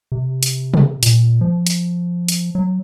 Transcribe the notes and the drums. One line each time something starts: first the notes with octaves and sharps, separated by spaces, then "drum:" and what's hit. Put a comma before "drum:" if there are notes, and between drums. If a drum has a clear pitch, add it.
C3
drum: hi-hat
drum: tom C3
A#2, drum: hi-hat
F3
drum: hi-hat
drum: hi-hat
F#3